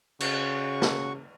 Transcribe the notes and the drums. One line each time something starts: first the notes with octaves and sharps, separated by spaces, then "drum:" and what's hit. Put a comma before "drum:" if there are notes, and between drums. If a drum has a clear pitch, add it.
C#3 F#4 C#6, drum: cymbal
drum: snare